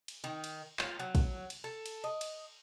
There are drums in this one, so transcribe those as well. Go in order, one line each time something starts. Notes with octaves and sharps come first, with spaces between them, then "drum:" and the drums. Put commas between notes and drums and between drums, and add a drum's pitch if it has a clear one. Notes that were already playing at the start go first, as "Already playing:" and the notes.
drum: cymbal
D#3
drum: cymbal
F4, drum: clap
F#3
drum: kick, cymbal
drum: cymbal
A4
drum: cymbal
D#5
drum: cymbal